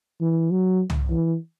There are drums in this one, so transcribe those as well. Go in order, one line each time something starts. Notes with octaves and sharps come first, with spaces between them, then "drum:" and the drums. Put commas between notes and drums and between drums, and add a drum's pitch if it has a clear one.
E3
F#3
drum: tom
E3